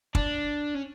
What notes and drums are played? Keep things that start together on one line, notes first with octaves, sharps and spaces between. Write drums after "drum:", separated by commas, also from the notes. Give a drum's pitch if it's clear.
D4, drum: kick
C#4